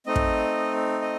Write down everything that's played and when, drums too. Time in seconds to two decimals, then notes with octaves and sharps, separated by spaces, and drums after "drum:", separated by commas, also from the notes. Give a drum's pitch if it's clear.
0.06 A3 C4 D#4 D#5
0.16 drum: kick
1.02 D#5